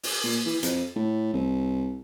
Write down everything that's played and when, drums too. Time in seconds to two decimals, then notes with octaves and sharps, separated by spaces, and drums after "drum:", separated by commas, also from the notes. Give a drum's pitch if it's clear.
0.03 drum: open hi-hat
0.24 A#2
0.46 E3
0.63 F2, drum: hi-hat
0.96 A2
1.34 C2